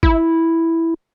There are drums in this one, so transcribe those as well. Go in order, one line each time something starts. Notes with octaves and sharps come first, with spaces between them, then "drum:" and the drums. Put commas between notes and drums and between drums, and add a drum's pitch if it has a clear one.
E4, drum: kick